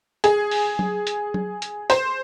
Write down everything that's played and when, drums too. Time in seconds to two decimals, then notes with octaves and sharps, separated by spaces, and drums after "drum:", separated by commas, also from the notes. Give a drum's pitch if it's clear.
0.24 G#4, drum: hi-hat
0.51 drum: open hi-hat
0.79 drum: tom
1.07 drum: hi-hat
1.34 drum: tom
1.62 drum: hi-hat
1.90 C5, drum: hi-hat